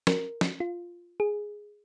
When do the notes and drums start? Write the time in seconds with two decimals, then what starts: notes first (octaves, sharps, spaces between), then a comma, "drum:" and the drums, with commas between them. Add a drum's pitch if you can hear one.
0.07 A#4, drum: snare
0.41 drum: snare
0.60 F4
1.20 G#4